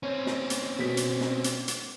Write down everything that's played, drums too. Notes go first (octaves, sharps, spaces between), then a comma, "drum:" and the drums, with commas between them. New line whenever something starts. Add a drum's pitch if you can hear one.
C4 C#4 C#5
drum: snare
drum: hi-hat
B2 B6
drum: hi-hat
drum: snare
drum: hi-hat
drum: hi-hat